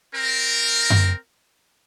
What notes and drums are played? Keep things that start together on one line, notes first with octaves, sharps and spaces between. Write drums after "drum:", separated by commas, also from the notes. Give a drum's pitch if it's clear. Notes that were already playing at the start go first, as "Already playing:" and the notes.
C4 A#4
drum: tom F#2